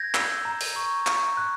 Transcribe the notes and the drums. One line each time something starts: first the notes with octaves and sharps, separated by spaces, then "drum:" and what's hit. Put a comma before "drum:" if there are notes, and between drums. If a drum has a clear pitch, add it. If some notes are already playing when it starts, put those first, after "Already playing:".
Already playing: G6 G#6 A#6
E6, drum: clap
A#5
drum: open hi-hat
C#6
C#6, drum: clap
F#6